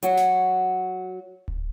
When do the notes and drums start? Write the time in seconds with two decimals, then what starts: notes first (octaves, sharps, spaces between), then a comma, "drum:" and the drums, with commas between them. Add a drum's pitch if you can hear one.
0.03 F#3 F#4, drum: hi-hat
0.17 drum: snare
1.48 drum: kick D1